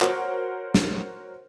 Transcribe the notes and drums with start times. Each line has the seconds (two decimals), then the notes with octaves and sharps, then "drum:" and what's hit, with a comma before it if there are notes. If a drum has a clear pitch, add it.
0.01 F#4 A#4 C5 C#5 F#5, drum: clap
0.74 drum: snare